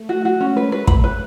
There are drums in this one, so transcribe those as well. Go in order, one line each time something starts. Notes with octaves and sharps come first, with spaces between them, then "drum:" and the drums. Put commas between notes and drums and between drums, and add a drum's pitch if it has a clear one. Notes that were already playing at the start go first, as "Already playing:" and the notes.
Already playing: A3
F#4
F#4
G#3 C#4
B4
A3 B4
B5, drum: kick
B4